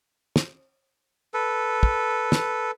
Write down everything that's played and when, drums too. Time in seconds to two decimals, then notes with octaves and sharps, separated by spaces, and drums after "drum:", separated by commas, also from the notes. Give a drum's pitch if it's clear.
0.36 drum: snare
1.34 A4 B4
1.83 drum: kick
2.32 drum: snare